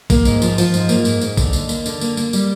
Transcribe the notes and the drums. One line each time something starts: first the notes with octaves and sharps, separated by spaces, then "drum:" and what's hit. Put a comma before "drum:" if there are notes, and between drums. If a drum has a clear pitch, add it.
A#3, drum: kick, tambourine
G#2, drum: tambourine
F3, drum: tambourine
F3, drum: tambourine
G#2, drum: tambourine
A#3, drum: tambourine
G#2, drum: tambourine
G#2, drum: tambourine
D3, drum: kick, tambourine
D#2, drum: tambourine
A#3, drum: tambourine
D3, drum: tambourine
A#3, drum: tambourine
A#3, drum: tambourine
G3, drum: tambourine